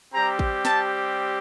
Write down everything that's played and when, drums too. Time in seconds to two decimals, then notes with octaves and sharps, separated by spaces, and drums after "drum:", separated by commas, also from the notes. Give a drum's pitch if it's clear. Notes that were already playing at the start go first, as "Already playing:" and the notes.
0.13 G3 C4 G4 A#5
0.39 drum: kick
0.65 A5, drum: snare